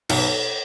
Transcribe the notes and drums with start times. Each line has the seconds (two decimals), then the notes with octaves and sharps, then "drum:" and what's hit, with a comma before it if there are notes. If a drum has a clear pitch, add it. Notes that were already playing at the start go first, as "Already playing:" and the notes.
0.09 B1 C#5, drum: cymbal
0.19 B4
0.27 A4 C#5